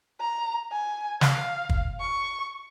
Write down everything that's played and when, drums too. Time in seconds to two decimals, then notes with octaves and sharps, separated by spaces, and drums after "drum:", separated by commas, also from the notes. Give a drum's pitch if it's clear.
0.20 A#5
0.72 G#5
1.21 F5, drum: snare
1.69 drum: kick
2.00 C#6